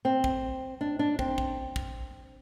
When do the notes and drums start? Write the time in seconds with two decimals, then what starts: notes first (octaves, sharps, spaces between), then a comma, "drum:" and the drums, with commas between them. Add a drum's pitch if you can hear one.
0.05 C4
0.24 drum: kick
0.81 D4
0.99 D4
1.19 C4, drum: kick
1.38 drum: kick
1.76 drum: kick